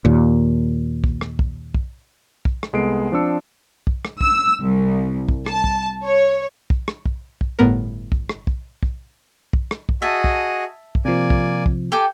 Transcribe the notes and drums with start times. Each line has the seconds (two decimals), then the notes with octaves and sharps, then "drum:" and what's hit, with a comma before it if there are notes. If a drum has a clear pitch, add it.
0.05 D#2 A#2
1.04 drum: kick
1.21 drum: rim click
1.39 drum: kick
1.74 drum: kick
2.45 drum: kick
2.63 drum: rim click
2.73 C2 G#3 B3 A4 C7 D7
3.12 F3 C4 D4 D5 E6 C#7
3.87 drum: kick
4.05 drum: rim click
4.21 E6, drum: kick
4.61 C2
5.29 drum: kick
5.46 A5, drum: rim click
5.64 drum: kick
6.03 C#5
6.70 drum: kick
6.88 drum: rim click
7.06 drum: kick
7.41 drum: kick
7.59 G1 A2 B3 A#4
8.12 drum: kick
8.29 drum: rim click
8.47 drum: kick
8.83 drum: kick
9.53 drum: kick
9.71 drum: rim click
9.89 drum: kick
10.02 F#4 G#4 D#5 E5 A5
10.24 drum: kick
10.95 drum: kick
11.05 C3 F3 A#3 D5 G#5
11.30 drum: kick
11.66 drum: kick
11.92 G4 A4 G5 G#5 D6